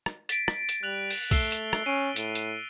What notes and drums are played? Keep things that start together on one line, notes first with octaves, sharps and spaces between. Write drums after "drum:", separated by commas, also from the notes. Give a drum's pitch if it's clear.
drum: rim click
A6 B6 D7, drum: hi-hat
drum: rim click
drum: hi-hat
G3 F#6 F7 F#7
drum: open hi-hat
A3 E6 C7 G7, drum: kick, open hi-hat
drum: hi-hat
drum: rim click
C#4 C7 D7 D#7
A2, drum: hi-hat
drum: hi-hat